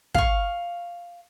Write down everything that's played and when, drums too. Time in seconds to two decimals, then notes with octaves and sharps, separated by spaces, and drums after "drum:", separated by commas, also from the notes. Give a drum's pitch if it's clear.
0.14 F5 C#6, drum: kick